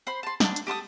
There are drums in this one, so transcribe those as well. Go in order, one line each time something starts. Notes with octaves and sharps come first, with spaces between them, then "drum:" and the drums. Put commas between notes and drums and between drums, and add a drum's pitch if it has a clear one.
C5 B5 C6
A5 C6
D4, drum: snare
drum: hi-hat
G4 A4 C6 D#6